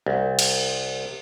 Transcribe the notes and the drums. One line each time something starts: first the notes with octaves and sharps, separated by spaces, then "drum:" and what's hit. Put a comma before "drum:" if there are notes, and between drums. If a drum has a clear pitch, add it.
C2
drum: cymbal